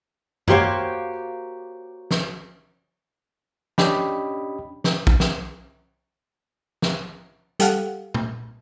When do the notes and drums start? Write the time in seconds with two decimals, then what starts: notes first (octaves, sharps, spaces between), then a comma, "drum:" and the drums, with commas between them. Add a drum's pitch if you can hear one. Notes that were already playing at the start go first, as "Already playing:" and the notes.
0.48 A#3 F#4 G4 C5 C#5 F5, drum: tom F#2
2.11 drum: snare
3.78 C#4 D4 G4 D#5 B5, drum: snare
4.84 drum: snare
5.07 drum: kick
5.20 drum: snare
6.82 drum: snare
7.60 G3 G4 A4 F5 F#5, drum: hi-hat
8.14 drum: tom A#2